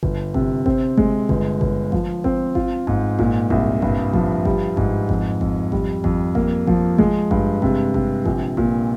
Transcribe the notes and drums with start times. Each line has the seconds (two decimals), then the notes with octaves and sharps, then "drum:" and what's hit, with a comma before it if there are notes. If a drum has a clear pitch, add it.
0.03 G1, drum: kick G#1
0.34 C3, drum: kick G#1
0.66 C4, drum: kick G#1
0.97 G#3, drum: kick G#1
1.29 G1, drum: kick G#1
1.61 G1, drum: kick G#1
1.92 F3, drum: kick G#1
2.24 C4, drum: kick G#1
2.55 F4, drum: kick G#1
2.87 G#2, drum: kick G#1
3.19 A#2, drum: kick G#1
3.50 C2, drum: kick G#1
3.82 G2, drum: kick G#1
4.13 F3, drum: kick G#1
4.45 G3, drum: kick G#1
4.77 G#2, drum: kick G#1
5.09 F2, drum: kick G#1
5.41 F2, drum: kick G#1
5.72 G3, drum: kick G#1
6.04 F2, drum: kick G#1
6.35 A#3, drum: kick G#1
6.67 F3, drum: kick G#1
6.98 G#3, drum: kick G#1
7.31 G2, drum: kick G#1
7.62 C3, drum: kick G#1
7.94 C3, drum: kick G#1
8.25 A#1, drum: kick G#1
8.57 A#2, drum: kick G#1